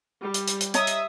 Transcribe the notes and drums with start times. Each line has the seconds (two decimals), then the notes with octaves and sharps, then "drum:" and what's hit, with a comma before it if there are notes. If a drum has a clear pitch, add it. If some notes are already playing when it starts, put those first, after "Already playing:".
0.22 G3
0.34 drum: hi-hat
0.48 drum: hi-hat
0.61 drum: hi-hat
0.74 C#5 D#5 E5 A#5 D#6, drum: hi-hat
0.87 drum: hi-hat